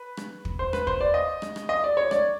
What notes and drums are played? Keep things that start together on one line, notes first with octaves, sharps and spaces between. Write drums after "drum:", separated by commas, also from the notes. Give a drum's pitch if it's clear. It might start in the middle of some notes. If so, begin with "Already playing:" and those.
Already playing: B4
drum: rim click
drum: kick
C5
B4, drum: rim click
C5, drum: kick
D5
D#5
drum: rim click
drum: rim click
D#5
D5
C#5
D5, drum: rim click